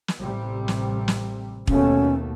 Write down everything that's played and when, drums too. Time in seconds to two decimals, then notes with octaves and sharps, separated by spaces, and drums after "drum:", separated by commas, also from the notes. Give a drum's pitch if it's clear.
0.08 drum: snare
0.21 A1 C3 G3
0.68 drum: snare
1.08 drum: snare
1.67 D#2 B2 A3 C#4, drum: kick